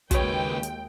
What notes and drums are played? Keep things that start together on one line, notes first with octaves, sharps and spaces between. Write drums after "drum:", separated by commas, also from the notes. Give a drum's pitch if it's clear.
D#2 C#3 G#3 F#4 B4 C#5 G5, drum: kick, hi-hat
drum: hi-hat